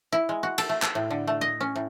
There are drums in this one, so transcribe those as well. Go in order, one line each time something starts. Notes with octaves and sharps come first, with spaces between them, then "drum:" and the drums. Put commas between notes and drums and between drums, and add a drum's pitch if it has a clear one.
E4
G#3
F#4
A4, drum: cymbal
A3
A4, drum: clap
A2
D3
A3
D#5
C#4
A2